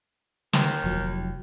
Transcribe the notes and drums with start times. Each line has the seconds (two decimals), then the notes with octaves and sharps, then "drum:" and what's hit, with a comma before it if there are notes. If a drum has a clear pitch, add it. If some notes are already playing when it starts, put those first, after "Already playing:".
0.53 D#2, drum: snare
0.84 F1 F3 F#3